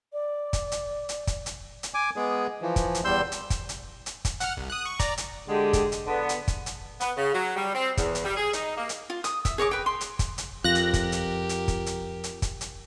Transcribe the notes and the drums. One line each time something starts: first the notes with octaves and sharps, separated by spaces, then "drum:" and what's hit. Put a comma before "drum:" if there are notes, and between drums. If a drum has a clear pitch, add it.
D5
drum: kick, hi-hat
drum: hi-hat
drum: hi-hat
drum: kick, hi-hat
drum: hi-hat
drum: hi-hat
G#5 D6
G#3 B3 G#4
E3 F3
drum: kick, hi-hat
drum: hi-hat
E2 G3 C6 E6 G6
drum: hi-hat
drum: kick, hi-hat
drum: hi-hat
drum: hi-hat
drum: kick, hi-hat
F#5 F6, drum: hi-hat
C2
D#6 F#6
C#6
D5 A#5, drum: kick, hi-hat
drum: hi-hat
D3 G#3 G4
drum: kick, hi-hat
drum: hi-hat
D3 B3
drum: hi-hat
drum: kick, hi-hat
drum: hi-hat
B3, drum: hi-hat
C#3
F#3
G3
C4
E2, drum: kick, hi-hat
drum: hi-hat
G3
G#4
D#4, drum: hi-hat
A#3
drum: hi-hat
F4
D#6, drum: hi-hat
E5, drum: kick, hi-hat
G#4 C#5 D#5 D6
B4 G5
C6
drum: hi-hat
drum: kick, hi-hat
drum: hi-hat
F2 F4 G4 A#4 F#6 A#6
drum: hi-hat
drum: kick, hi-hat
drum: hi-hat
drum: hi-hat
drum: kick, hi-hat
drum: hi-hat
drum: hi-hat
drum: kick, hi-hat
drum: hi-hat